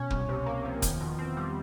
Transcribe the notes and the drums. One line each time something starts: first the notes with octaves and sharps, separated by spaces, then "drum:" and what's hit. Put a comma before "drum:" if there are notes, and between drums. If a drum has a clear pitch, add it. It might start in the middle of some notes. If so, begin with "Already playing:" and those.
Already playing: B2 C#4
C2, drum: kick
C3
A#3
F3
E2 D#3, drum: kick, hi-hat
B2
C4
G3